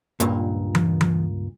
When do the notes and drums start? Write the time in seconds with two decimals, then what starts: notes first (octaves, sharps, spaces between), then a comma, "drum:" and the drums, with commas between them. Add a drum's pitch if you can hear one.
0.20 C#2 G2 A#2, drum: hi-hat
0.75 drum: tom E3
1.01 drum: tom E3